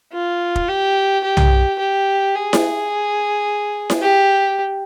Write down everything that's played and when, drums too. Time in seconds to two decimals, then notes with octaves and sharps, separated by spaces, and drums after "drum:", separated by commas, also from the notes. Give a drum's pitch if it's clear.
0.13 F4
0.56 drum: kick
0.68 G4
1.23 G4
1.37 drum: tom
1.79 G4
2.35 G#4
2.53 drum: snare E4
3.90 drum: snare E4
4.02 G4